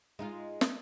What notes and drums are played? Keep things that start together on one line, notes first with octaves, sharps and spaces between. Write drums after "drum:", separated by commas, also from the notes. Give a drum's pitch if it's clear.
G#3 D#4 F4
drum: snare